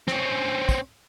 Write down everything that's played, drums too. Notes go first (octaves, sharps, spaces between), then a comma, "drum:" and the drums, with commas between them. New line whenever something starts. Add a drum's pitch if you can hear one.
C4 C#4, drum: snare
drum: kick, tambourine